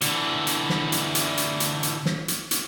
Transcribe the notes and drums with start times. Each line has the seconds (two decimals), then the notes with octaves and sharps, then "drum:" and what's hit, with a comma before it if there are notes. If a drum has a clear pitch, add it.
0.01 D3 E3, drum: hi-hat
0.47 drum: hi-hat
0.69 drum: snare
0.92 drum: hi-hat
1.15 drum: hi-hat
1.37 drum: hi-hat
1.60 drum: hi-hat
1.83 drum: hi-hat
2.06 drum: snare
2.28 drum: hi-hat
2.51 drum: hi-hat